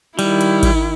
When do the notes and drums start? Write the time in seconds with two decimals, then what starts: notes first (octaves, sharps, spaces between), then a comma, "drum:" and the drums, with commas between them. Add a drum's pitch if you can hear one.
0.19 D#3 G3 E4, drum: cymbal
0.41 drum: cymbal
0.63 drum: kick G#1, cymbal